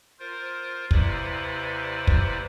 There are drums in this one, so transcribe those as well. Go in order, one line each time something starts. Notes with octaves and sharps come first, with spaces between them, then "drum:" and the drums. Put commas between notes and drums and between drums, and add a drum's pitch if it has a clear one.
F4 A#4 C5
D#2 C3 E4 B4 C5 D5, drum: kick
drum: kick